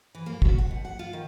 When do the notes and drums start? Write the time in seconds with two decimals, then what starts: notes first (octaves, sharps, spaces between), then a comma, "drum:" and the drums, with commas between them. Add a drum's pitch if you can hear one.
0.15 E3
0.26 A#3
0.42 F#4, drum: kick
0.58 F#5
0.71 D#2
0.85 F#5
0.99 F4
1.13 D#3